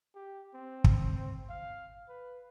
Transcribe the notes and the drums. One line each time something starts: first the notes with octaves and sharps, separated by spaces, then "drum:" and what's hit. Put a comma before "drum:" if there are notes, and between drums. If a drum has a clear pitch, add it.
G4
C4
drum: kick
F5
B4